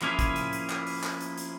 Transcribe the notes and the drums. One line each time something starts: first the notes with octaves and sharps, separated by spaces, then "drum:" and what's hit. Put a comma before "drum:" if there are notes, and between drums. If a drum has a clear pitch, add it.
F3 A#3 C#4 E4 G#4, drum: clap
drum: kick, hi-hat
drum: hi-hat
drum: hi-hat
drum: clap
drum: open hi-hat
drum: clap
drum: hi-hat
drum: hi-hat